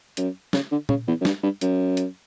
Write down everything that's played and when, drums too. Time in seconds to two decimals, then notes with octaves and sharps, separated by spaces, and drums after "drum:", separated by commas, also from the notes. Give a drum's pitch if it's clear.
0.17 F#2, drum: hi-hat
0.53 C#3, drum: snare
0.71 D3
0.89 C#3, drum: tom A#2
1.07 E2
1.20 F#2
1.25 G2, drum: snare
1.43 G2
1.61 F#2, drum: hi-hat
1.97 drum: hi-hat